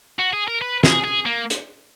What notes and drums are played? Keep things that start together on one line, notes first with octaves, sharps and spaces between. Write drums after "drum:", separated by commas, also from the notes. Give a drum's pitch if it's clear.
F#4
G#4
A#4
B4
G#4, drum: snare
G#4
A#3
drum: hi-hat